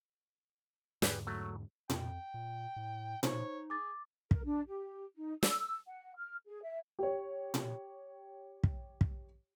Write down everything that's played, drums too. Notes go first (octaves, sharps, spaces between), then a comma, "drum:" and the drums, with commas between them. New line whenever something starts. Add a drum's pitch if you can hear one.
E2 G#2 D3 G4 G#4 B4, drum: snare
F#3 A3
F2 G5, drum: tom A#2
A#2
A2
D#4 C5 C#5, drum: tom A#2
G#4 D6 A6
A#4, drum: kick
D4
G4
D#4
E6, drum: snare
F#5
F6
G#4
E5
G4 C#5
drum: tom A#2
drum: kick
drum: kick